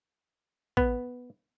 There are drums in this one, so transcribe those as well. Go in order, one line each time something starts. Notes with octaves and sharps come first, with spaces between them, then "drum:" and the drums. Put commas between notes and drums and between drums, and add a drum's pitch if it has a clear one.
B3, drum: kick